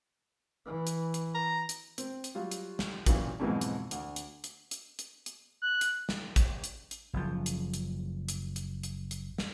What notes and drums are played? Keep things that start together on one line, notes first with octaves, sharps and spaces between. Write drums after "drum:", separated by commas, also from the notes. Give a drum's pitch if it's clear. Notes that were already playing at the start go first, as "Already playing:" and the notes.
E3
drum: hi-hat
drum: hi-hat
A#5
drum: hi-hat
C4, drum: hi-hat
drum: hi-hat
F#3 G3 F4
drum: hi-hat
drum: snare
A#2 C#3 E3 F#3, drum: kick, hi-hat
F2 G#2 B2 E3 F#3 G#3
drum: hi-hat
D2, drum: hi-hat
drum: hi-hat
drum: hi-hat
drum: hi-hat
drum: hi-hat
drum: hi-hat
F#6
drum: hi-hat
drum: snare
drum: kick, hi-hat
drum: hi-hat
drum: hi-hat
F#1 F#2 F3
drum: hi-hat
drum: hi-hat
drum: hi-hat
drum: hi-hat
drum: hi-hat
drum: hi-hat
drum: snare